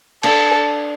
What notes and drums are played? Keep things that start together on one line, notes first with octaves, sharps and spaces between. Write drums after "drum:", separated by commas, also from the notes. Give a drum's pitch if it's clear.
D4 A4, drum: cymbal